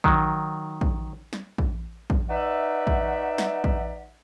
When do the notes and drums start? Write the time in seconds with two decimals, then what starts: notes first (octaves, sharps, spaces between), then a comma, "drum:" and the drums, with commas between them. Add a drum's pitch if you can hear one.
0.04 D#3 F#3, drum: kick
0.81 drum: kick
1.33 drum: snare
1.58 drum: kick
2.10 drum: kick
2.29 D#4 F#4 B4 D5 E5
2.87 drum: kick
3.38 drum: snare
3.64 drum: kick